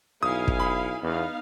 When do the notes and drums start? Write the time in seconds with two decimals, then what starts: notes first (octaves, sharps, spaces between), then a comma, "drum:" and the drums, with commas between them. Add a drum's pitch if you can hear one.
0.23 B1 E4 F5 G#5 D#6
0.48 drum: kick
0.60 B5
1.03 E2 B3 D#4 F5